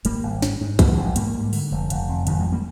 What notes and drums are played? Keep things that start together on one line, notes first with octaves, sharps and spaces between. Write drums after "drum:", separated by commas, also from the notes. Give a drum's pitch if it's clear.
G#1 G3 A#3, drum: hi-hat
G#1
G#2, drum: snare
G#2
G#1 G3 A#3, drum: kick, hi-hat
F3 G#3
G#1
F3 G#3
G#2 G3 A#3, drum: hi-hat
G#2
D3, drum: open hi-hat
F1
F1, drum: hi-hat
F2
G#1 D#3 G3, drum: hi-hat
F3 G#3
G3 A#3